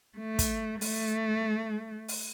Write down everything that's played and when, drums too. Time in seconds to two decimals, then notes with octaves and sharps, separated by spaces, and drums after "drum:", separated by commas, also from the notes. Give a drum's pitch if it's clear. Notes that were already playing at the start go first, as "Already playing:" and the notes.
0.18 A3
0.39 drum: kick, hi-hat
0.81 A3, drum: open hi-hat
2.08 drum: open hi-hat